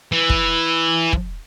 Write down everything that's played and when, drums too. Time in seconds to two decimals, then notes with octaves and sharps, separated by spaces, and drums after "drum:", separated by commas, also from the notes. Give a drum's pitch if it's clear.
0.12 E3
0.30 drum: kick
1.13 drum: kick